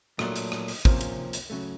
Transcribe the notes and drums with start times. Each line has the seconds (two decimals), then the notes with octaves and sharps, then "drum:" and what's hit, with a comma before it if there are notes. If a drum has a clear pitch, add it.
0.19 A#2 F#3 A3 D4, drum: rim click
0.36 drum: hi-hat
0.52 drum: rim click
0.68 drum: open hi-hat
0.85 C3 F3 A#3 C#4, drum: kick
1.01 drum: hi-hat
1.33 drum: hi-hat
1.50 C#3 F#3 A3